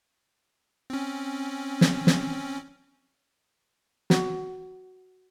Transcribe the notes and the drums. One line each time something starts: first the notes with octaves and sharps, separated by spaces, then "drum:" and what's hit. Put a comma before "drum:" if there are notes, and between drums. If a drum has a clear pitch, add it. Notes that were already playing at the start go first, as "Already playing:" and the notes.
C4 C#4
drum: snare
drum: snare
F#4, drum: snare